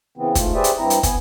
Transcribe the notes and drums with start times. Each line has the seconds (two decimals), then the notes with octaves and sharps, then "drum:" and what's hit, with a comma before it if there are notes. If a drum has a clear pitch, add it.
0.17 C#3 E3 B3 C4
0.35 G#2 A3 F4, drum: kick, hi-hat
0.54 G4 G#4 B4 C5 D5 E5
0.64 drum: hi-hat
0.78 G2 C4 E4 A#5
0.90 drum: hi-hat
1.03 B3 G#5, drum: kick, hi-hat